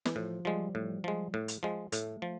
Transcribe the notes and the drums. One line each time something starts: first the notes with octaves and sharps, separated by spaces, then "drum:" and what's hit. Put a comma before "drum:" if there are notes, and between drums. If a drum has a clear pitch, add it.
E3, drum: snare
A2 F3
F3 G3 G#3
A2
F3 G#3
A2
drum: hi-hat
F3 G#3
A2 A3, drum: hi-hat
F3